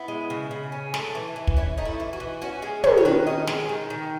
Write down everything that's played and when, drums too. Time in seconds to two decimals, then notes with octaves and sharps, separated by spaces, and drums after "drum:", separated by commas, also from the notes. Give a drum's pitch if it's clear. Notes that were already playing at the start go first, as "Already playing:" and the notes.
Already playing: B3 E4
0.08 G#3
0.30 C#3
0.51 C#3
0.72 C#4
0.94 A3, drum: snare
1.15 E3
1.36 E3
1.47 drum: kick
1.57 C#4 E4
1.78 A3 D#4
1.85 E4
2.00 E3
2.13 F#4
2.20 E3
2.42 C#4 F#4
2.62 G#3 G#4
2.84 D#3 A4, drum: tom
2.97 C#5
3.05 D#3 B4
3.27 C#4 D#5
3.47 G#3, drum: snare
3.69 D#3
3.90 D#3